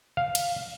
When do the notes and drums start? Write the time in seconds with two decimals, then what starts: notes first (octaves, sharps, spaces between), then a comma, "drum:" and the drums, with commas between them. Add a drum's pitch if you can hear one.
0.17 F5
0.35 drum: cymbal